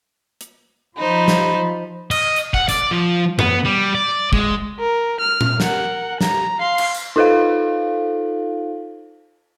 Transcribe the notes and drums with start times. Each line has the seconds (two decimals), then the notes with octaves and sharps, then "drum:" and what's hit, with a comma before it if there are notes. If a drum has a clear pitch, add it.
0.41 drum: hi-hat
0.97 F3 D#4 C5 B5
1.28 drum: snare
2.11 D#5, drum: cymbal
2.36 drum: hi-hat
2.54 F#5, drum: kick
2.69 D5, drum: hi-hat
2.91 F3
3.39 B3, drum: tom F#2
3.65 G3
3.95 D5
4.33 G#3, drum: kick
4.80 A#4
5.20 F6
5.41 drum: tom A#2
5.60 A#4 F#5, drum: snare
6.21 A#5, drum: snare
6.59 F5 C6
6.78 drum: cymbal
6.94 drum: tambourine
7.16 D#4 F4 A4 C5 F5